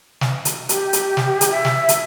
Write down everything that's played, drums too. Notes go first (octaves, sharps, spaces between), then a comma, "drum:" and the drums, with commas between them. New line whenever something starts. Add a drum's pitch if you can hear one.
drum: snare
drum: hi-hat
G4, drum: hi-hat
drum: hi-hat
drum: snare
drum: hi-hat
E5
drum: snare
drum: hi-hat